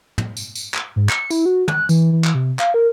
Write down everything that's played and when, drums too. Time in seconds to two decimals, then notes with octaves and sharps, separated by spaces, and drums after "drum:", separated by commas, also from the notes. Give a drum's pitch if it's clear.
0.18 drum: tom
0.37 drum: tambourine
0.55 drum: tambourine
0.74 drum: clap
0.96 G#2
1.09 C#7, drum: clap
1.31 E4, drum: tambourine
1.46 F#4
1.68 F#6, drum: tom
1.89 E3, drum: tambourine
2.12 E3
2.24 drum: clap
2.34 C3
2.59 F5, drum: clap
2.74 A#4